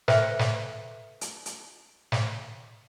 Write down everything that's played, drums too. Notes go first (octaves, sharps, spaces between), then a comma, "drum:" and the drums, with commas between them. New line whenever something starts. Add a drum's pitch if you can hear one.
A4 B4 C5 E5 G5, drum: snare
drum: snare
drum: hi-hat
drum: hi-hat
drum: snare